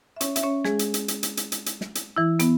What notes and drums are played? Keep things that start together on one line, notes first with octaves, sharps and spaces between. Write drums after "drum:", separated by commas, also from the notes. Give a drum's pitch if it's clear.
E5
C#4 C#5, drum: hi-hat
E5, drum: hi-hat
C#4 C#5
G#3 G#4, drum: snare
drum: hi-hat
drum: hi-hat
drum: hi-hat
drum: hi-hat
drum: hi-hat
drum: hi-hat
drum: hi-hat
drum: snare
drum: hi-hat
E3 E4
B3, drum: hi-hat